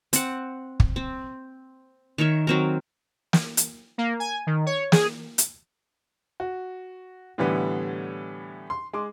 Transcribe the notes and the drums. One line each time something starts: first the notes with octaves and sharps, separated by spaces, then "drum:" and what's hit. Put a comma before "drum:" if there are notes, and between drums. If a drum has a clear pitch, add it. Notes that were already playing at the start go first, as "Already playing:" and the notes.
C4 F#5, drum: hi-hat
drum: kick
C4
D#3 A#4 C#5 E5
F#3 C4 A#4
drum: snare
drum: hi-hat
A#3
G#5
D#3
C#5
G#4, drum: snare
drum: hi-hat
F#4
A2 D3 E3 G3 B3
C6
G#3 C6 D6